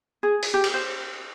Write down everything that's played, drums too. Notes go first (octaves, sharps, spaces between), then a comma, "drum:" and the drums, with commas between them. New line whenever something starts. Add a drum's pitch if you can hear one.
G#4
drum: open hi-hat
G4
drum: cymbal
C5